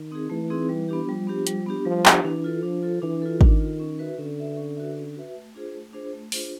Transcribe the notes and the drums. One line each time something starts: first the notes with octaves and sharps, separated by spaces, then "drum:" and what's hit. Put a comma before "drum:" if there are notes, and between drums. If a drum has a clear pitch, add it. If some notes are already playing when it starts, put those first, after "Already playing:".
Already playing: D#3
C4 D#4 G#4
E3 A3
C4 D#4 G#4
G3
B3 D4 G4
F3 G3
B3 D4 G4
G3, drum: hi-hat
B3 D4 G4
F3 G3
B3 D4 G4, drum: clap
E3 D4
F4 A4
F3 D4
F4 A4
E3 D4
F4 A4
D#3 D4, drum: kick G#1
F4 A4
C#4
F#4 B4 E5
D3 C#4
F#4 B4 E5
C#4
F#4 B4 E5
C#4
F#4 B4 E5
A3
D4 F4 G#4 C5
A3
D4 F4 G#4 C5
A3
D4 F4 G#4 C5, drum: open hi-hat